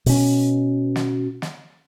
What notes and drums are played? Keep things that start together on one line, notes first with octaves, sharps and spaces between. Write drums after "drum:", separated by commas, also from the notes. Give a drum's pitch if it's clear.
B2 C#4, drum: open hi-hat
drum: snare
drum: snare